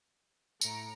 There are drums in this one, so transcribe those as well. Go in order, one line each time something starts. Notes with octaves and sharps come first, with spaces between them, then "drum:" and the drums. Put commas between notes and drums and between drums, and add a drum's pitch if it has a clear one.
A2 A#5 C#7 D7, drum: tambourine